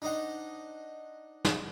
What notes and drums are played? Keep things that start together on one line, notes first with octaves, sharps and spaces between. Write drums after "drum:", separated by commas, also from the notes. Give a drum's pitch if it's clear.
D4 D#4 C5 F#5
drum: snare